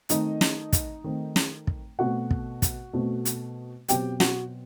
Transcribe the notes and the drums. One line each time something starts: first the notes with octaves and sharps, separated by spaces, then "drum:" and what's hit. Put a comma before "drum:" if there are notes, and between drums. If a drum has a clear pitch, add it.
D#3 A3 C4 D#4 D#5, drum: hi-hat
drum: snare
drum: kick, hi-hat
D#3 A3 C4
drum: snare
drum: kick
B2 A3 C4 F#4 F#5
drum: kick
drum: kick, hi-hat
B2 A3 C4
drum: hi-hat
B2 F#3 C4 G4 G5, drum: hi-hat
F#4 F#5, drum: snare